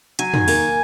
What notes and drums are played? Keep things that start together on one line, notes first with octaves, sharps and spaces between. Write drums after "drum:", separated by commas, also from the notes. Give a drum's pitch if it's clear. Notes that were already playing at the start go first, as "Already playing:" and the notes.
F#3 G#5, drum: hi-hat
D#3, drum: tom
A#3, drum: open hi-hat